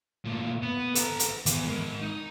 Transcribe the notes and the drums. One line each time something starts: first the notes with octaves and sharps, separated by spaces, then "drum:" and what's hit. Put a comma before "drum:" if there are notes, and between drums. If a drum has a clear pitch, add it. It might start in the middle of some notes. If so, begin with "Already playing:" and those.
A#2 A3
B3
A4 A#5, drum: hi-hat
drum: hi-hat
E2, drum: hi-hat
G#3 A#4
D#4